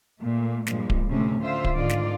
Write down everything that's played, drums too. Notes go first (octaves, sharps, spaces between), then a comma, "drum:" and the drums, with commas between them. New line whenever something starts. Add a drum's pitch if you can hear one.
A#2 A3
G2 A#2 F3 G3 G#3, drum: snare
drum: kick D1
D2 A2 C3 A3 C#4
D3 F4 C5 E5
drum: kick D1
G#2 D3 D#3 F4 D5
drum: snare